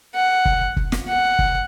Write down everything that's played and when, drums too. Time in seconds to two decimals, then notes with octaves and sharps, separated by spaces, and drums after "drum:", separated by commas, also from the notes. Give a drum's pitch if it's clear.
0.15 F#5
0.45 drum: kick
0.77 drum: kick
0.92 drum: snare
1.08 F#5
1.39 drum: kick